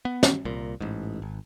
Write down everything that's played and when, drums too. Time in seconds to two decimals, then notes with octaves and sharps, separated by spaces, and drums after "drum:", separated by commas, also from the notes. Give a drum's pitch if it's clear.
0.05 B3
0.23 drum: snare
0.45 C2 A#2
0.80 A1 G#2
1.22 G#1